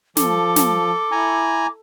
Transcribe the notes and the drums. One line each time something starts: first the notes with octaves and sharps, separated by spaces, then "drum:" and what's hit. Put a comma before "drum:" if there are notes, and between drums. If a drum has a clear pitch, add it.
F3 A4 D6, drum: snare
drum: snare
E4 G#5 A#5